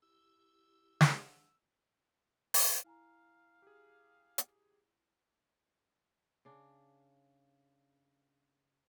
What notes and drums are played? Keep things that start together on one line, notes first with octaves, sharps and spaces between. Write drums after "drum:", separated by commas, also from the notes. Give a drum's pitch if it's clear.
E4 G4 E6
drum: snare
drum: open hi-hat
E4 F5 G#5 A#5
G4 G#4
drum: hi-hat
C#3 D4